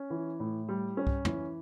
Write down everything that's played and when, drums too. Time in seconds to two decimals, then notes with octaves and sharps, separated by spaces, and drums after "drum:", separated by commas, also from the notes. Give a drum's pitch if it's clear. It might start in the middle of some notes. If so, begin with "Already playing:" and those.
Already playing: C#4
0.10 E3
0.40 A2
0.68 G3
0.97 C#4
1.07 drum: kick C2
1.25 E3, drum: tom